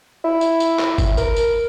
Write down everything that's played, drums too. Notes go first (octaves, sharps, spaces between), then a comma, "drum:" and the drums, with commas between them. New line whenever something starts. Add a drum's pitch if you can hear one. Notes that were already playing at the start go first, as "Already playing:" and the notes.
E4
drum: tambourine
drum: tambourine
drum: clap
drum: kick G1, tambourine
A#4, drum: tambourine
drum: tambourine